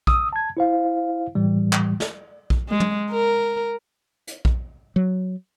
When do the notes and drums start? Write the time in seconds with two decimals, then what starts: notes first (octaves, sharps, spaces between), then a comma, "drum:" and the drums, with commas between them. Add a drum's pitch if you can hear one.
0.07 D#6 E6, drum: kick A#1
0.33 A5 G#6
0.57 E4 C5 F5
1.35 A2 E3 G3
1.73 drum: clap
2.00 drum: snare
2.50 drum: kick A#1
2.69 G#3
2.80 drum: tom
3.11 A#4
4.27 drum: hi-hat
4.45 drum: kick A#1
4.96 F#3